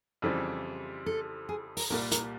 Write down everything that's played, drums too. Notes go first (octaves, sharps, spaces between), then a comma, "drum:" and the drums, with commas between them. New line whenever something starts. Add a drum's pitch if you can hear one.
F2 C#3 E3 G3 C4
A4
G#4
A#4, drum: open hi-hat
C2 A#2 G3 A#4
A#4, drum: hi-hat